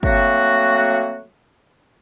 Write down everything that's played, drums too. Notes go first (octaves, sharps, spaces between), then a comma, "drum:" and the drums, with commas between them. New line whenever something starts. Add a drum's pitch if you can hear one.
F#3 A3 A#3 C4 F#4, drum: kick